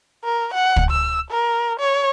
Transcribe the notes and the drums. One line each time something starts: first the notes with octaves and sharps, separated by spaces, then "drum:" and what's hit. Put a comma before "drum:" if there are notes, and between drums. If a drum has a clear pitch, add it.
A#4
F#5
drum: kick
E6
A#4
C#5